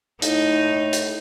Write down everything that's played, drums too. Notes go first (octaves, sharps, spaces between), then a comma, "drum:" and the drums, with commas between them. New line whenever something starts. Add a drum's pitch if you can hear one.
A2 D#4, drum: hi-hat
drum: hi-hat